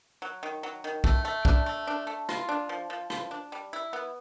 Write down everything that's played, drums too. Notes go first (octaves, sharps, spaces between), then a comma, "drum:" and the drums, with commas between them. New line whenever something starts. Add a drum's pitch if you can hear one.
F#3
D#3
F#3
D#3
A3, drum: kick
A3
D4, drum: kick
A3
D4
A3
F4, drum: rim click
D4
F3
F3
F3, drum: rim click
D4
G3
E4
B3